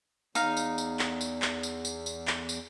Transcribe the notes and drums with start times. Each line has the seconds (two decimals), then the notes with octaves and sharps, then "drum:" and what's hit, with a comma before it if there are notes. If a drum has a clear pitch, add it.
0.35 E2 D#4 F5, drum: tambourine
0.57 drum: tambourine
0.78 drum: tambourine
0.99 drum: clap
1.21 drum: tambourine
1.42 drum: clap
1.63 drum: tambourine
1.85 drum: tambourine
2.06 drum: tambourine
2.27 drum: clap
2.49 drum: tambourine